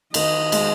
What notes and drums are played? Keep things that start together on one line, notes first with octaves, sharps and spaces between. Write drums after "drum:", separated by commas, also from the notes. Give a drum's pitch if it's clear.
D#3 D#5, drum: cymbal
G#3, drum: cymbal